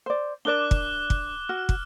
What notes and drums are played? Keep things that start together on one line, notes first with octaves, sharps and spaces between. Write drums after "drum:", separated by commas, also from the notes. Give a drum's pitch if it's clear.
C5 D5
D4 A#4 D5 D6 F#6 G7
drum: kick
drum: kick
F#4 F6
drum: kick